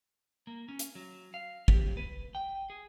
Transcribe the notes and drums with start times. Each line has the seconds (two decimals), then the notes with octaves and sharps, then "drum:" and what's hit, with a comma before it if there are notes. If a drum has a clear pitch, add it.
0.47 A#3
0.68 C#4
0.79 drum: hi-hat
0.95 F#3
1.34 F5
1.68 G4, drum: kick
1.97 B4
2.35 G5
2.70 G#4